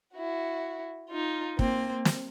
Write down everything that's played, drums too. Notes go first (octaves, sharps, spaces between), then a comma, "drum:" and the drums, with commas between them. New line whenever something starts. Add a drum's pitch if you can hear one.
E4 F#4
D#4 F4
A#3 C4, drum: kick
drum: snare